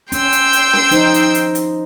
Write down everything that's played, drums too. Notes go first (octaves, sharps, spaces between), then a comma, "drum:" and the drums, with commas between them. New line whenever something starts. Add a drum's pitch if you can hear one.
C#4 G5 C6 E6, drum: hi-hat
drum: hi-hat
drum: hi-hat
drum: snare C#4
F3 D#4 C5, drum: hi-hat
drum: hi-hat
drum: hi-hat
drum: hi-hat